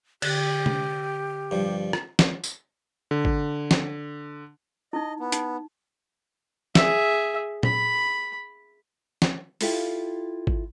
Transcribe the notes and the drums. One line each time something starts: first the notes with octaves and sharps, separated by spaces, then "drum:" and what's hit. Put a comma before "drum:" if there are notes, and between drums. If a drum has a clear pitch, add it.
D3 G4 F#6, drum: cymbal
drum: tom C3
G2 F3
drum: rim click
drum: snare
drum: tambourine
D3
drum: kick G#1
drum: snare
D#4 E4 D#5
B3
D#4, drum: hi-hat
G#4 E5, drum: snare
B5, drum: tom A#2
drum: snare
E4 F4 G4 A4 E5 F5, drum: open hi-hat
drum: kick G#1